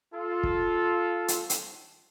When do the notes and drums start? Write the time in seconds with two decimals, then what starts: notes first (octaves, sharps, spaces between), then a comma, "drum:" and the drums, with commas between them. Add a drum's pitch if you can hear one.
0.14 F4 A4
0.43 drum: kick
1.28 drum: hi-hat
1.50 drum: hi-hat